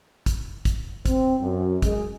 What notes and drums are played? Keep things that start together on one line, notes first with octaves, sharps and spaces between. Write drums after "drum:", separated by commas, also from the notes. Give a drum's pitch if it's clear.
drum: kick, hi-hat
drum: kick, hi-hat
C4, drum: kick, hi-hat
F#2
G#3, drum: kick, hi-hat